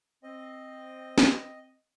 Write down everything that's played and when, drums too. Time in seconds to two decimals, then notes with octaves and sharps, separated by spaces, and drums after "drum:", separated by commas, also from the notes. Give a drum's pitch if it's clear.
0.23 C4 D#5
1.18 drum: snare